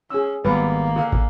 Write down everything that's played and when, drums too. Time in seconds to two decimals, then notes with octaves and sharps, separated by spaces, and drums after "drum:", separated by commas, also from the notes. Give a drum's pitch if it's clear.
0.10 C#4 G#4 E6
0.45 G#1 G3 G#3 A#3 B3 B4
0.96 D3 G#4 F5
1.13 drum: kick